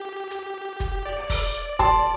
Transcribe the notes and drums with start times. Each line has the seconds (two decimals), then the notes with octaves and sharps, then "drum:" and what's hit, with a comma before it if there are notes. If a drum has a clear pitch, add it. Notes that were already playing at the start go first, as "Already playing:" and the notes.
Already playing: G4
0.31 drum: hi-hat
0.80 drum: kick, hi-hat
1.05 D5
1.30 drum: kick, open hi-hat
1.79 A5 C6, drum: kick, hi-hat